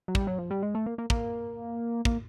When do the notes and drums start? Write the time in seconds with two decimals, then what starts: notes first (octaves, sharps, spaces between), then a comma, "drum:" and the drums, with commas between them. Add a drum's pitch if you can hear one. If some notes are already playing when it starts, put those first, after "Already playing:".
0.08 F#3
0.15 G3, drum: kick
0.27 F#3
0.38 F3
0.51 G3
0.63 G#3
0.75 A3
0.86 A#3
0.98 A#3
1.10 A#3, drum: kick
2.05 A#3, drum: kick